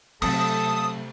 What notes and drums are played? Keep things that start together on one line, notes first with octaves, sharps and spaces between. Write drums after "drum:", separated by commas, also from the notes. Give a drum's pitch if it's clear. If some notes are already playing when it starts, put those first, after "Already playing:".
C3 F#3 A3 C4 A4 A5 D#6, drum: cymbal